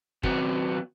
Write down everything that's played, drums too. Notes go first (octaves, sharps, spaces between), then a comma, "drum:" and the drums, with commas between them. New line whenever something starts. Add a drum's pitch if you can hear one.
D#3 F#3 B3 C4 F#4, drum: kick